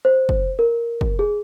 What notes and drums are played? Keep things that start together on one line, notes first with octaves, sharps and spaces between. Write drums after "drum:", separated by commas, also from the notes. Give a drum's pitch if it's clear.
C5
drum: kick
A#4
drum: kick
G#4